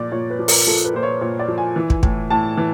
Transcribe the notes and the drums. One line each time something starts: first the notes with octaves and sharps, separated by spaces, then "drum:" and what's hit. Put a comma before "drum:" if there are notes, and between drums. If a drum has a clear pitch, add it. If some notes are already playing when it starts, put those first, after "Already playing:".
Already playing: A#2 F3 D5
A#2 C#5
B4
F3
A#4, drum: open hi-hat
F3 A4
B4
A#2 C5
C#5
A#2 C#5
D5
F3
G#5
E3
drum: kick
A2, drum: kick
A2 A5
E3